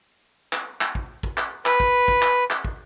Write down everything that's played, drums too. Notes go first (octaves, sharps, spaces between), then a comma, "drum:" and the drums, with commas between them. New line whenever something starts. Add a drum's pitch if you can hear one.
drum: clap
drum: clap
drum: kick
drum: kick
drum: clap
B4, drum: clap
drum: kick
drum: kick
drum: clap
drum: clap
drum: kick